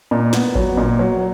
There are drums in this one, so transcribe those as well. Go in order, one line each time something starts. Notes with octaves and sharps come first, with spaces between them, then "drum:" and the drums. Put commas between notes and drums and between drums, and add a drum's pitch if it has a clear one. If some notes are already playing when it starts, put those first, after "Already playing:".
A#2
B3, drum: snare
F#3, drum: kick G#1
A#2
F#3